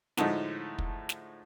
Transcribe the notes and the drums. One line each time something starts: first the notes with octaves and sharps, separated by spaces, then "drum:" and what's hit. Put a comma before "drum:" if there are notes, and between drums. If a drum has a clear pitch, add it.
A2 D3 F3 G#3 A3 D#4, drum: snare
drum: kick
drum: snare